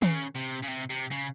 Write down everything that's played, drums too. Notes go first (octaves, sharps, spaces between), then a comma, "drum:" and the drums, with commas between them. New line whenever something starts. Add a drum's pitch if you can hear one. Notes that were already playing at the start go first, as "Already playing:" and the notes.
C#3, drum: tom D#3
C3
C#3
C3
C3
C#3